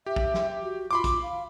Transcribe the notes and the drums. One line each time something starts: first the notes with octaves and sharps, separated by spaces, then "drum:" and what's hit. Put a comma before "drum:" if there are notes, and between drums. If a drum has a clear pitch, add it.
G4 E5
drum: kick
drum: snare
F#4
F4 B5 C6 D6
drum: kick, hi-hat
F5